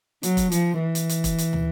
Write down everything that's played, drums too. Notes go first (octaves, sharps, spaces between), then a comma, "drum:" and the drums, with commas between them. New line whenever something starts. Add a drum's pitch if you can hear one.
F#3, drum: hi-hat
drum: kick E1, hi-hat
F3, drum: hi-hat
E3
drum: hi-hat
drum: hi-hat
drum: kick E1, hi-hat
drum: hi-hat
drum: tom